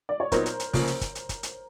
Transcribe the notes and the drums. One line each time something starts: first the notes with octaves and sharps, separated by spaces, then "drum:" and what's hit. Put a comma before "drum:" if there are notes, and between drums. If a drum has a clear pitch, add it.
D5
C#5
A#2 F#3 B3 D#4 A#4 C5, drum: kick, hi-hat
drum: hi-hat
drum: hi-hat
C#2 C#3 F3 A#3, drum: kick, open hi-hat
drum: hi-hat
drum: kick, hi-hat
drum: hi-hat
drum: kick, hi-hat
drum: hi-hat